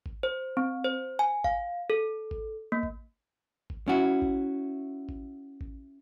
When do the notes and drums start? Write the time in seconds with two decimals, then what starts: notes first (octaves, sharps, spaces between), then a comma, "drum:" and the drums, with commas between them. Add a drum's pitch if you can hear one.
0.06 drum: kick A1
0.23 C5
0.57 C4
0.84 C5
1.19 G#5
1.44 F5, drum: kick A1
1.90 A4
2.31 drum: kick A1
2.72 A#3
2.83 drum: kick A1
3.70 drum: kick A1
3.88 C#4 E4 F#4
4.22 drum: kick A1
5.09 drum: kick A1
5.61 drum: kick A1